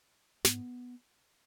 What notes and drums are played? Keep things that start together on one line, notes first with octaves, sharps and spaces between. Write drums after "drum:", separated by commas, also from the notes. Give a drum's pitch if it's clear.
G#2 B3, drum: snare